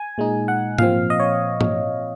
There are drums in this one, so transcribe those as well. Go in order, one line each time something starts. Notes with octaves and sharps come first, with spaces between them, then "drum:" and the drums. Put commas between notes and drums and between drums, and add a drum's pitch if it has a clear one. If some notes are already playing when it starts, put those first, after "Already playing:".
Already playing: G#5
A#2 G#3 D#4
F#5
A#2 F3 C4 F5, drum: tom G#2
D#5
C#5
drum: tom